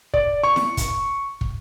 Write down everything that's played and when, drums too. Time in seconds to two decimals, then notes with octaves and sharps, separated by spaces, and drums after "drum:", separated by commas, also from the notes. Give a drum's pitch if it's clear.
0.14 D5, drum: kick
0.43 C#6
0.56 drum: snare E4
0.77 drum: kick, hi-hat
1.41 drum: kick